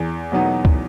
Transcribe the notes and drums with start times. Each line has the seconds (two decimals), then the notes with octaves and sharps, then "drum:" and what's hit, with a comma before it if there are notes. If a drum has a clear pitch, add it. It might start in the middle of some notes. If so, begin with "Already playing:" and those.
Already playing: E2
0.32 B2 F#3 B3 D#4
0.65 drum: kick C#2